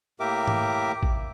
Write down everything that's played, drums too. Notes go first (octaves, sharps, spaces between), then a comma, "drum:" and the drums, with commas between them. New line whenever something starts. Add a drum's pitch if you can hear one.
A2 A#3 G4 A#4 E5 D6
drum: tom G#2
drum: kick A1